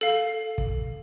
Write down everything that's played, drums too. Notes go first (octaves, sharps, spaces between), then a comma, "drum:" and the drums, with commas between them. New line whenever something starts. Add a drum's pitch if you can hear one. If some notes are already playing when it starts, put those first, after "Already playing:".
A4 F5
drum: kick